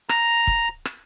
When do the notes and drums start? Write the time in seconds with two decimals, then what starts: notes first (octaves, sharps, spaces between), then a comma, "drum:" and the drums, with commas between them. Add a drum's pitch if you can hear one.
0.09 A#5, drum: rim click
0.47 drum: kick
0.85 drum: rim click